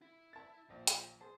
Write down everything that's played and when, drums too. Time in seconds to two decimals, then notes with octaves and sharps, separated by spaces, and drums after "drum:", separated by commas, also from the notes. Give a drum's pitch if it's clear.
0.02 E4
0.33 A5 A6
0.70 A#1 F3
0.87 drum: hi-hat
1.21 G#4 C5 A5